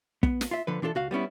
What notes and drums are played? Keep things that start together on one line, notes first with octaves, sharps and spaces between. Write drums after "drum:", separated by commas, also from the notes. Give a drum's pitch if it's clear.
B3, drum: kick
drum: snare
F4 E5
D3 F3 B4
E3 D4 F4 F#4 A4
C#2 F#4 F5
G3 B3 C#4 E4